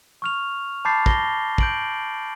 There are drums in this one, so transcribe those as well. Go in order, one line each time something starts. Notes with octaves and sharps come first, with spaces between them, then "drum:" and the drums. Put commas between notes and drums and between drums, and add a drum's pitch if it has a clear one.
C#6 F6 F7
A5 B5 D6 G6 A6 C7
A#6 G7, drum: kick
G6 D7 F#7, drum: kick